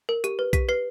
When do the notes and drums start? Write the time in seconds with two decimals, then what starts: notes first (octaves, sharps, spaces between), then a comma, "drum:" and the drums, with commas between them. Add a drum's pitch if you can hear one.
0.09 A#4
0.24 G4, drum: hi-hat
0.39 B4
0.53 G4 B6, drum: kick B1, hi-hat
0.69 B4 C7